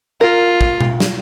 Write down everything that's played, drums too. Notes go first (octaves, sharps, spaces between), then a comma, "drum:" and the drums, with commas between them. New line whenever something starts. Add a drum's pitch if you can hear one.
F4 A#4
drum: kick
drum: tom B2
drum: snare